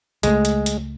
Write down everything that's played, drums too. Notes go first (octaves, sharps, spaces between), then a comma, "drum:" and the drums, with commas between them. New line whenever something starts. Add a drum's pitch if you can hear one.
C#2 G#3 A3, drum: hi-hat
drum: hi-hat
drum: hi-hat